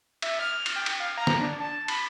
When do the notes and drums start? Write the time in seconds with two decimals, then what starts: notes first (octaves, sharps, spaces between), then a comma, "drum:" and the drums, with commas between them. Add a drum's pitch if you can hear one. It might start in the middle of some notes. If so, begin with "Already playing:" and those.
0.22 E5, drum: cymbal
0.39 F6
0.66 drum: cymbal
0.76 G5
0.86 drum: cymbal
1.00 F5
1.17 A#5
1.27 drum: snare
1.40 D4
1.60 A5
1.88 B5, drum: cymbal